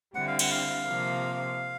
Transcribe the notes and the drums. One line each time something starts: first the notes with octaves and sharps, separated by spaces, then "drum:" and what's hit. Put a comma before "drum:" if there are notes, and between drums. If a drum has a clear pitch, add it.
D3 G3 C4 E4 F#5
F5
F#5, drum: cymbal
F5
C3 F3 A#3